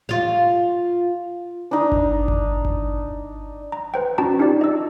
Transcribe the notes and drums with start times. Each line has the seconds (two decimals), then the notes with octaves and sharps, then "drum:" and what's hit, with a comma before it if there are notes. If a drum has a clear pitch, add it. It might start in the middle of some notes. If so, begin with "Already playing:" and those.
0.09 F4 F5
1.71 D4 D#4
1.92 drum: kick G1
2.28 drum: kick G1
2.65 drum: kick G1
3.72 A#5
3.94 B4 C5 G5
4.18 C#4 D4 F#4 G5 A5 A#5
4.39 D4 D#4 F4 G4 D5
4.61 D#5 E6